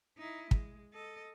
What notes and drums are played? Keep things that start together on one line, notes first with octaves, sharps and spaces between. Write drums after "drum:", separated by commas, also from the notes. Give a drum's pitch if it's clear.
D#4 E4
G#3, drum: kick
A4 D#5